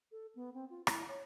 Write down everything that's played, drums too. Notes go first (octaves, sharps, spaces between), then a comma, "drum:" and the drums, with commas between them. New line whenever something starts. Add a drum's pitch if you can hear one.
A4
B3
C4
F4
E4, drum: rim click
C#5